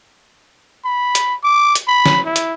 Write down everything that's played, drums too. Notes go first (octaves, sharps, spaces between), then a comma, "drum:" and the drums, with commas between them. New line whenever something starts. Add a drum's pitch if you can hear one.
B5
drum: hi-hat
D6
drum: hi-hat
B5
drum: snare
E4
drum: hi-hat